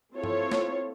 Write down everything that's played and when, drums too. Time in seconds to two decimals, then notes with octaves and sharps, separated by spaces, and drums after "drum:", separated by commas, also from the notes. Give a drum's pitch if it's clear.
0.14 C4 E4 F4 A4 C#5
0.24 drum: tom G2
0.52 drum: snare